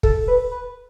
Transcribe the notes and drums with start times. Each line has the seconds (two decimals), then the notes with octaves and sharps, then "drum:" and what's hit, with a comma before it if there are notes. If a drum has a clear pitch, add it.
0.03 A4, drum: kick
0.28 B4
0.51 B4